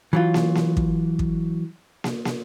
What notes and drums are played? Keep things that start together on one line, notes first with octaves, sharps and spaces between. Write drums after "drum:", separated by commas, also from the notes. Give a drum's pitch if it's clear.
E3 F#3 F4
drum: snare
drum: snare
drum: kick
drum: kick
drum: snare
drum: snare